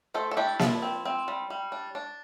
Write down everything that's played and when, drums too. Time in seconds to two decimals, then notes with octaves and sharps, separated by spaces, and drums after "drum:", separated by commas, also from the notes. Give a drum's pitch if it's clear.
0.14 A3 A4 C5
0.31 A4
0.37 D4 E4 G4
0.59 F3 E4, drum: snare A#3
0.82 C4
1.05 C4
1.28 G3
1.50 G3
1.72 D4
1.95 D4